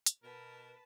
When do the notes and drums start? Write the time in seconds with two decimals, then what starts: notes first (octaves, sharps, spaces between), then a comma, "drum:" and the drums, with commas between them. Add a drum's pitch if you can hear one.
0.06 drum: hi-hat
0.23 B2 A#4 B4 A5